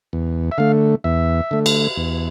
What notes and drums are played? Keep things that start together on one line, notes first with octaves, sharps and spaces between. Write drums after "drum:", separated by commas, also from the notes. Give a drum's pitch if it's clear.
E2
E5
D3 A3 F5
E2 E5
D3 A3
drum: cymbal
E2